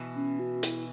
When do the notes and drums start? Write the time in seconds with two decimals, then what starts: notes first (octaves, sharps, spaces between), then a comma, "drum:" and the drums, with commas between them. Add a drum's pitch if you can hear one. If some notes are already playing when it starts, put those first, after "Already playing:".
Already playing: B2 E3
0.16 C#4
0.39 F#4
0.63 E4, drum: hi-hat